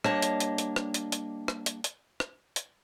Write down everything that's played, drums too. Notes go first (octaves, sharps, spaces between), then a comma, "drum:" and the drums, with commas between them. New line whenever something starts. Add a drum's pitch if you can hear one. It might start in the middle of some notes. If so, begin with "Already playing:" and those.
G3 A#3 D4 C#5 D#5 A5, drum: rim click
drum: hi-hat
drum: hi-hat
drum: hi-hat
drum: rim click
drum: hi-hat
drum: hi-hat
drum: rim click
drum: hi-hat
drum: hi-hat
drum: rim click
drum: hi-hat